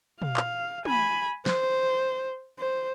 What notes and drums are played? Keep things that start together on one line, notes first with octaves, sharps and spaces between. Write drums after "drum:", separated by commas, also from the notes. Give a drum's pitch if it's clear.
F5, drum: tom
drum: clap
G#5 B5, drum: tom
C5, drum: snare
C5